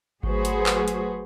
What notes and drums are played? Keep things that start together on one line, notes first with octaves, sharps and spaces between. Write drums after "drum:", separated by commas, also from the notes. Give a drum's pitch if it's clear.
F#3 A3 F#4 G#4 B4 C5, drum: kick G#1
drum: hi-hat
drum: clap
drum: hi-hat